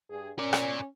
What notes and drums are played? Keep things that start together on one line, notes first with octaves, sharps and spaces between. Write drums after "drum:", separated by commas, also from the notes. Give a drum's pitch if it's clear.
G2 G#4
C#4 A#4 D5
drum: rim click